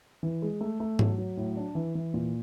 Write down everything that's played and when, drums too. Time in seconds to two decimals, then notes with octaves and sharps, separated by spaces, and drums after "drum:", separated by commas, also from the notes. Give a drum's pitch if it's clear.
0.23 E3
0.42 G#3
0.61 A3
0.80 A3
0.99 F#3, drum: tom G#2
1.18 F#3
1.37 A2
1.56 D4
1.75 E3
1.95 E3
2.14 A#2